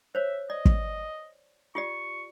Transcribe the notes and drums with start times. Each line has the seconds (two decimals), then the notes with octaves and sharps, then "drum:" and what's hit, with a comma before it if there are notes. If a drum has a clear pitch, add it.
0.15 C5 C#5 E5
0.50 D5 D#5
0.65 drum: kick
1.75 F4 G4 D5 C#6